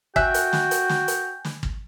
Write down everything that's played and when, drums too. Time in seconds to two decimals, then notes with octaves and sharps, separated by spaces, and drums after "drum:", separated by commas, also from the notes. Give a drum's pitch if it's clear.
0.16 F#4 E5 G5 G#5 F#6, drum: kick
0.34 drum: hi-hat
0.53 drum: snare
0.71 drum: hi-hat
0.89 drum: snare
1.08 drum: hi-hat
1.45 drum: snare
1.63 drum: kick